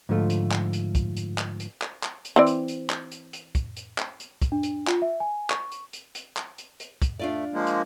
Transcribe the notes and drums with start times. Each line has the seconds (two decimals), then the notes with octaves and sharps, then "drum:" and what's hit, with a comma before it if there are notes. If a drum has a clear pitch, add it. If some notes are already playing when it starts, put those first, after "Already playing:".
0.09 G#2 D3 F3 A3 F4
0.30 drum: hi-hat
0.51 drum: clap
0.73 drum: hi-hat
0.95 drum: kick, hi-hat
1.16 drum: hi-hat
1.38 drum: clap
1.60 drum: hi-hat
1.81 drum: clap
2.03 drum: clap
2.25 drum: hi-hat
2.36 E3 C4 D5
2.47 drum: hi-hat
2.68 drum: hi-hat
2.90 drum: clap
3.12 drum: hi-hat
3.33 drum: hi-hat
3.55 drum: kick, hi-hat
3.77 drum: hi-hat
3.98 drum: clap
4.20 drum: hi-hat
4.42 drum: kick, hi-hat
4.52 D4
4.63 drum: hi-hat
4.87 F4, drum: clap
5.02 E5
5.20 G#5
5.50 C#6, drum: clap
5.72 drum: hi-hat
5.93 drum: hi-hat
6.15 drum: hi-hat
6.37 drum: clap
6.58 drum: hi-hat
6.80 drum: hi-hat
7.02 drum: kick, hi-hat
7.19 A3 D4 F4 D5
7.53 F3 G#3 A#3
7.67 drum: hi-hat